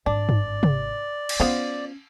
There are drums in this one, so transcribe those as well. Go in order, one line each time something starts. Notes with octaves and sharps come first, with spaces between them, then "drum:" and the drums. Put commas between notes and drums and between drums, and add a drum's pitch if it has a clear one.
G#1 D4 D5
drum: tom G2
drum: tom C3
drum: cymbal
B3 C#4 F4 C5